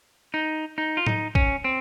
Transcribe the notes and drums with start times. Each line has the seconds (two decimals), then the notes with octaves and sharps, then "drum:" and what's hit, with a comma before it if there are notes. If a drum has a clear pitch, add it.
0.34 D#4
0.78 D#4
0.97 F4
1.07 D#4, drum: tom A2
1.35 C#4, drum: kick
1.64 C4